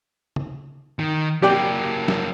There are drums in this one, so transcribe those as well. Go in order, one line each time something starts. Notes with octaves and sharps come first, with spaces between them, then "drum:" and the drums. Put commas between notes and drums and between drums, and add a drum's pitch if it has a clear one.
drum: tom C#3
D#3
F#3 A#3 G4 D5 G5
drum: snare